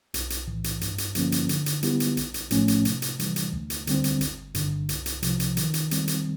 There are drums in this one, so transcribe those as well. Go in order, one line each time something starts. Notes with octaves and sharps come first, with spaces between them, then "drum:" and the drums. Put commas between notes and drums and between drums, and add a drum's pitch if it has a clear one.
B1, drum: hi-hat
drum: hi-hat
A2 E3
drum: hi-hat
G2, drum: hi-hat
drum: hi-hat
D3 F3 A#3 C#4, drum: hi-hat
drum: hi-hat
D3, drum: hi-hat
drum: hi-hat
G3 B3 E4 G4, drum: hi-hat
drum: hi-hat
A#1, drum: hi-hat
drum: hi-hat
A2 F3 A3 C#4, drum: hi-hat
drum: hi-hat
C3, drum: hi-hat
drum: hi-hat
E3 G3, drum: hi-hat
drum: hi-hat
D2
drum: hi-hat
D3 G3 C4, drum: hi-hat
drum: hi-hat
G1, drum: hi-hat
G2 D3, drum: hi-hat
C2, drum: hi-hat
drum: hi-hat
C3 F3, drum: hi-hat
drum: hi-hat
D#3, drum: hi-hat
drum: hi-hat
G3 C4, drum: hi-hat
drum: hi-hat